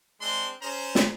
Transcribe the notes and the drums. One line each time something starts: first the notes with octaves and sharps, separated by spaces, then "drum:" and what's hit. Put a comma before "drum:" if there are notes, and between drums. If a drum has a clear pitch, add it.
G#3 C4 D4 C6
C#4 G#4 C5 A#5
drum: snare